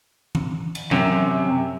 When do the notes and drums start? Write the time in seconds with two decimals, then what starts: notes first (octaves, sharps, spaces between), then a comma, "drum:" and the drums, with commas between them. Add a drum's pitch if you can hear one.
0.35 drum: tom E3
0.75 drum: cymbal
0.91 F#2 C3, drum: tom E3